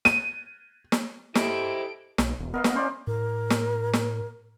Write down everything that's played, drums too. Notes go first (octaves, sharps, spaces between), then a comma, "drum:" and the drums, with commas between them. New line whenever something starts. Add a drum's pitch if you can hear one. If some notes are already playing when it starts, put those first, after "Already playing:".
D#7, drum: snare
drum: snare
E4 G4 A4 C5 D#5 D7, drum: snare
B1, drum: snare
E1
B3 A#4 D#5 F5
drum: snare
C#4 E4 C5 D5
A2 A#4
drum: snare
drum: snare